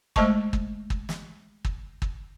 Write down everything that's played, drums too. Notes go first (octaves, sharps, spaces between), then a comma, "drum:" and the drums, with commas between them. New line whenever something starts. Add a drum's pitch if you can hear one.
G#3 A3 C5 D#5 A5 C#6, drum: kick
drum: kick
drum: kick
drum: snare
drum: kick
drum: kick